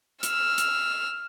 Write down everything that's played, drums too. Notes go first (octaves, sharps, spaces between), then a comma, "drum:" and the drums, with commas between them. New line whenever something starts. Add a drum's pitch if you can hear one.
E6 F6, drum: hi-hat
drum: hi-hat